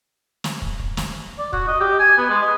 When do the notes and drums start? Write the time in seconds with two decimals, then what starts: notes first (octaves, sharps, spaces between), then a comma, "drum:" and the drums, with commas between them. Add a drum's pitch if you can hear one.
0.44 drum: snare
0.62 drum: kick
0.79 drum: kick
0.97 drum: snare
1.39 D5
1.53 F#4, drum: kick
1.68 D#5
1.80 G4
1.99 G#5
2.18 B3
2.30 G#3
2.42 D#5